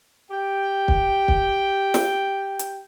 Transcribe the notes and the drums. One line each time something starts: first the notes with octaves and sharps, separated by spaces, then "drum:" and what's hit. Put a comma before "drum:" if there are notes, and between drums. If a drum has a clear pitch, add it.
G4 G5
drum: kick
drum: kick
drum: snare
drum: hi-hat